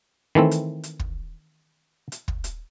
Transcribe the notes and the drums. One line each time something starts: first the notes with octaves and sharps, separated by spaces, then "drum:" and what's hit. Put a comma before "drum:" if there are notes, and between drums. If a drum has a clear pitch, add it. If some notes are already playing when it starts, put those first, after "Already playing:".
D#3 E3 A3 C4
drum: hi-hat
drum: hi-hat
drum: kick
drum: hi-hat
drum: kick
drum: hi-hat